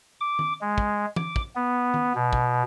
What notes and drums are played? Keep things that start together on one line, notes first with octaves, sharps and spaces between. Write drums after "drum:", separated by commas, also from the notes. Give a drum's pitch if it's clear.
D6
drum: tom
G#3
drum: kick
D6, drum: tom
drum: kick
B3
drum: tom
B2
drum: kick